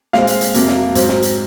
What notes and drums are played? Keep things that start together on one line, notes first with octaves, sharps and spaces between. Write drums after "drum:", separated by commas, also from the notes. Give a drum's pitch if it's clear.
A#2 G#3 C4 F5, drum: snare
drum: hi-hat
drum: hi-hat
F2 C3 F#3 A#3, drum: hi-hat
drum: snare
G#2 F#3 C4, drum: hi-hat
drum: snare
drum: hi-hat